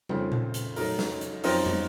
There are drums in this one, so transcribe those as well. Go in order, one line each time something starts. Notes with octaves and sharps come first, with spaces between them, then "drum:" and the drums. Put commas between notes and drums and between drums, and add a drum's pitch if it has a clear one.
F2 C#3 A3 C4, drum: tom
drum: tom A#2
drum: hi-hat
F#3 A3 D#4 A#4, drum: open hi-hat
drum: snare
drum: hi-hat
F#2 F3 C4 D#4 A#4, drum: open hi-hat
drum: tom